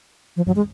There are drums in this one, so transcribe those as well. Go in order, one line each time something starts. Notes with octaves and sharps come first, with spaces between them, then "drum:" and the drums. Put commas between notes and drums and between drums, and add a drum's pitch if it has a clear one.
F3
F#3, drum: tom G2
G#3